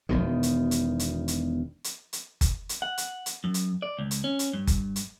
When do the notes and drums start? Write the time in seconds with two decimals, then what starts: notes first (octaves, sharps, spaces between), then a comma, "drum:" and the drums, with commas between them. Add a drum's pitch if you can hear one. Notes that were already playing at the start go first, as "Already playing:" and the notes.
0.09 E1 B1 B2 D#3
0.43 drum: hi-hat
0.71 drum: hi-hat
0.99 drum: hi-hat
1.28 drum: hi-hat
1.84 drum: hi-hat
2.13 drum: hi-hat
2.41 drum: kick F#1, hi-hat
2.69 drum: hi-hat
2.82 F#5
2.98 drum: hi-hat
3.26 drum: hi-hat
3.44 F#2
3.54 drum: hi-hat
3.82 D5
3.99 C#2
4.11 drum: hi-hat
4.24 C#4
4.39 drum: hi-hat
4.53 G2
4.67 drum: kick F#1, hi-hat
4.96 drum: hi-hat